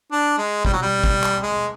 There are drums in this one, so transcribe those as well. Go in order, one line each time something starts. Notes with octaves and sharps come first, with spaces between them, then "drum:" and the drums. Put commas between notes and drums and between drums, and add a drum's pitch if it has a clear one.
D4
G#3
G3, drum: kick
F#3
G3
drum: kick
drum: clap
G#3